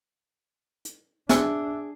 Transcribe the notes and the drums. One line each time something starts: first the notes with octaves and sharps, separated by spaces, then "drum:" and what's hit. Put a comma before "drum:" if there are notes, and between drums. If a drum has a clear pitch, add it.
drum: hi-hat
D4 G#4 E5 E6, drum: snare